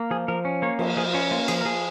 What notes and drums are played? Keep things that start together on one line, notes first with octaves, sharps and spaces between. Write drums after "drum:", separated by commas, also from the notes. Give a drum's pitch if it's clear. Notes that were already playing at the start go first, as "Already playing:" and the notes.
Already playing: A#3
F3 G#4
F3 A#4
C#4
A#3 C#5
F3, drum: cymbal
F3 G#4
C#4 F4
A#3 F4
F3 G#4, drum: cymbal
A#4
F3 G#4